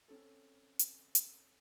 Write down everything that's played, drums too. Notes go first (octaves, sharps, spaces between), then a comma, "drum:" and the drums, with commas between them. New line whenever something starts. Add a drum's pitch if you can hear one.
C4 C#4 A4
drum: hi-hat
drum: hi-hat